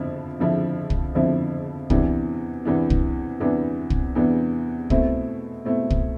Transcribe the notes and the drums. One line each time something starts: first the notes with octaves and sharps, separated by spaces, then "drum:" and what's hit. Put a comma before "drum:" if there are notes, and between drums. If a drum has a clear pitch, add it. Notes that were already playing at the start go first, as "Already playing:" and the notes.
Already playing: F2 D3 F3 C4 E4
F2 D3 F3 C4 E4
drum: kick
F2 D3 F3 C4 E4
E2 C3 E3 B3 D4, drum: kick
E2 C3 E3 B3 D4
drum: kick
E2 C3 E3 B3 D4
drum: kick
E2 C3 E3 B3 D4
B2 A3 C4 E4, drum: kick
B2 A3 C4 E4
drum: kick